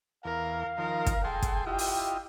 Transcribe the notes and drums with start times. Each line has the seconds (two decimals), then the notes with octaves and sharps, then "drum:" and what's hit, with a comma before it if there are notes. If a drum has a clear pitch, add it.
0.25 E2 A#4 F5
0.78 D#3 F3 A#4
1.06 drum: kick, hi-hat
1.24 G#4 A4 G5 C6
1.42 drum: kick, hi-hat
1.66 E4 F4 G4 D#5
1.78 drum: open hi-hat